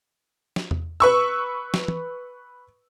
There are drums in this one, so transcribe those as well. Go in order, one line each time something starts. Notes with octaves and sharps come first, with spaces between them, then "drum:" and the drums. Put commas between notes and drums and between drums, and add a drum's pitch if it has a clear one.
drum: snare
drum: tom E2
B4 C#6 E6
drum: snare
drum: tom